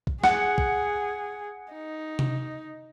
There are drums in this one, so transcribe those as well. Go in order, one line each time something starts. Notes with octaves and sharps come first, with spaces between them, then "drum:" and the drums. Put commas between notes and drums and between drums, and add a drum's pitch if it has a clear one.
drum: kick
G#4 F#5, drum: snare
drum: kick
D#4
drum: tom C3